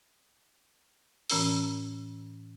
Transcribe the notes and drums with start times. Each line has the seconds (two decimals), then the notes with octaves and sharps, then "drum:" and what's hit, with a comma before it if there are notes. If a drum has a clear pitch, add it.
1.30 A2 E3 C#4 A#4 E6, drum: open hi-hat